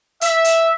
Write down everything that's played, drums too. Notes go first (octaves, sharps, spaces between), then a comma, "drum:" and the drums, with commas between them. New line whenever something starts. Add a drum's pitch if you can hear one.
E5, drum: hi-hat
drum: hi-hat